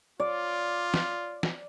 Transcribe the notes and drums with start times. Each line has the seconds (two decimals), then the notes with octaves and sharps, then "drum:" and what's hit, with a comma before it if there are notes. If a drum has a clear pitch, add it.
0.20 F4 D5
0.94 drum: snare
1.43 drum: snare